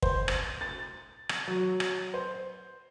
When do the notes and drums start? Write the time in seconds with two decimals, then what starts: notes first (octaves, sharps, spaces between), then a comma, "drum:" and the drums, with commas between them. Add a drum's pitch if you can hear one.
0.02 C5, drum: kick
0.28 drum: rim click
0.61 A6
1.29 drum: rim click
1.48 F#3
1.80 drum: rim click
2.14 C5